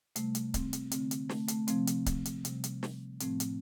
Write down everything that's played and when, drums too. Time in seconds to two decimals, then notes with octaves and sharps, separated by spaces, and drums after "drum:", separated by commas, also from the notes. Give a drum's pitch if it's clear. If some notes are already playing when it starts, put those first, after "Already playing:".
0.16 C3 G3 A3, drum: hi-hat
0.35 drum: hi-hat
0.54 C4, drum: kick C#1, hi-hat
0.73 drum: hi-hat
0.91 D3 A3 C4, drum: hi-hat
1.11 drum: hi-hat
1.29 A3, drum: snare
1.48 A3, drum: hi-hat
1.68 C3 F3 A3 C4, drum: hi-hat
1.87 drum: hi-hat
2.06 drum: kick C#1, hi-hat
2.25 drum: hi-hat
2.45 C3 G3, drum: hi-hat
2.64 drum: hi-hat
2.83 drum: snare
3.20 A2 F3 A3 C4, drum: hi-hat
3.40 drum: hi-hat